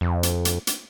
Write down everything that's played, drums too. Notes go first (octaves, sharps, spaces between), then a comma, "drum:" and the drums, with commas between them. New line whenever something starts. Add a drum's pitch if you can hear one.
F2
drum: hi-hat
drum: hi-hat
drum: hi-hat